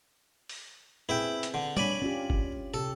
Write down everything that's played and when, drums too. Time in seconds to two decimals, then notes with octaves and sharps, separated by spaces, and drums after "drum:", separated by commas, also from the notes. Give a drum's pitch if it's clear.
0.49 drum: open hi-hat
1.09 C4 E4 G#4 B4 E5 G5
1.43 drum: hi-hat
1.54 D3
1.77 D4 C#5 D5 G#5 B5, drum: tom
2.02 C#4 F4 G4
2.30 drum: kick G1
2.74 C3 G4 A4